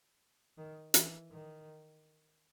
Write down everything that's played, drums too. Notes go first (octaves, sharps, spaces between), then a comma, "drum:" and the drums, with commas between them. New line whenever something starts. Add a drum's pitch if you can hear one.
D#3
E3, drum: hi-hat
D#3